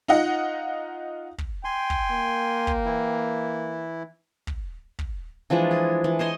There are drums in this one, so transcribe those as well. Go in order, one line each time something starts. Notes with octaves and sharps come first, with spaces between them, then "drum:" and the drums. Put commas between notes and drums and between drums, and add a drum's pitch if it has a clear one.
D#4 F4 D#5 F#5
drum: kick
G5 G#5 C6
drum: kick
A#3
drum: kick
E3 E4
drum: kick
drum: kick
E3 F3 G#3 D4
G#4
E3
C5 C#5 D#5 C6